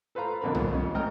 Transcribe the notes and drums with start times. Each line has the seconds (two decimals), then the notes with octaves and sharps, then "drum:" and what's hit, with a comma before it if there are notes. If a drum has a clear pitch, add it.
0.15 A4 B4 C5 F5 A#5
0.41 F2 B2 D3 A#4 B5
0.55 G#1 D#2, drum: tom B1
0.71 F2 C#4
0.94 A1 G#2 D#5 G5 A#5 F6